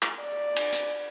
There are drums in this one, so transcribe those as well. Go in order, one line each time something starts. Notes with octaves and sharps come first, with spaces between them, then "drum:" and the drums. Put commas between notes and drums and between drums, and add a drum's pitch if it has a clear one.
drum: clap
D5
drum: cymbal
drum: hi-hat